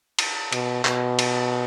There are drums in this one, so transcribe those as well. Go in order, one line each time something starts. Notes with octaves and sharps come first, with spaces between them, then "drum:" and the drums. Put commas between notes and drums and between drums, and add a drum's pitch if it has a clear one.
drum: cymbal
B2, drum: cymbal
B2, drum: clap
drum: cymbal